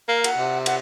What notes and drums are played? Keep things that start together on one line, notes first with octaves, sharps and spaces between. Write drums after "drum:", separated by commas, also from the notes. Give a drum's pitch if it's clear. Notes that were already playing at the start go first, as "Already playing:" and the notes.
A#3 F5
F#5, drum: cymbal
C3
F#5, drum: cymbal